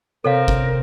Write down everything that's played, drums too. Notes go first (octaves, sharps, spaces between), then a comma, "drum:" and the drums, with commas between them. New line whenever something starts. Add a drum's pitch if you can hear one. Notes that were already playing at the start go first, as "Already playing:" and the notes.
C3 C4 A4 A#4 C#5 F5
drum: kick G1